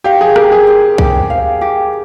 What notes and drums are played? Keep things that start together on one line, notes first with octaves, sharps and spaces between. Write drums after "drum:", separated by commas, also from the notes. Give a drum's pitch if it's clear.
G4 F5
G#4
G4 A#4, drum: rim click
G#4
C5
G4, drum: kick C2
F5
G4